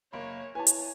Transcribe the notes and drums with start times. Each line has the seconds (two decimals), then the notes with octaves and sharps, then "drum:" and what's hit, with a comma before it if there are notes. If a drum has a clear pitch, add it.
0.13 F#1 A#3 C#5 B5
0.55 E4 B4 C#5 G#5 A5
0.67 drum: hi-hat